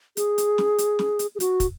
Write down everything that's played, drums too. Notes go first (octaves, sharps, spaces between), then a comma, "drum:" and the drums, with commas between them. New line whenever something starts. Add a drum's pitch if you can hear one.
G#4, drum: hi-hat
drum: hi-hat
drum: snare
drum: hi-hat
drum: snare
drum: hi-hat
G#4
F#4, drum: hi-hat
drum: kick, hi-hat